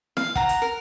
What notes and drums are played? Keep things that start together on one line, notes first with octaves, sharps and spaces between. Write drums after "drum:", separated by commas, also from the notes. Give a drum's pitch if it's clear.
F5, drum: snare E4
F#5 A#5, drum: kick
drum: hi-hat
A#4